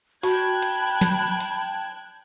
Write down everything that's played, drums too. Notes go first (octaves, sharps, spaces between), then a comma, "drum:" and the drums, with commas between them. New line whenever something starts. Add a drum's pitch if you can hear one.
F#4 G5 A5 B5 F#6 G#6, drum: hi-hat
drum: hi-hat
drum: snare
drum: hi-hat